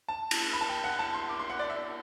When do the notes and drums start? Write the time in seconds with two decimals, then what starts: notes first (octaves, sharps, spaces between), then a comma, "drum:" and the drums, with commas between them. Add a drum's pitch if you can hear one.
0.08 A5
0.31 drum: cymbal
0.53 B5
0.61 A5
0.69 G5
0.84 F#5
0.99 A5
1.14 C6
1.29 D6
1.40 C6
1.50 F#5
1.59 D5
1.70 E5